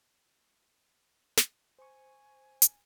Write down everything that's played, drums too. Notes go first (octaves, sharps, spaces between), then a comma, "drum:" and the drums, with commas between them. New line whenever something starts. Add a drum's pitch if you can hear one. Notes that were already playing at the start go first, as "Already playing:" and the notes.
drum: snare
C5 G#5 C#6
drum: hi-hat